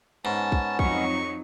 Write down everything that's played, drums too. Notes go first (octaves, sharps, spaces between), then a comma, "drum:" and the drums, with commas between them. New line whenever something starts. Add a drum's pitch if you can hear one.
G#2 B3 C#4 A5
drum: kick
F2 F#3 D#4 C#6, drum: kick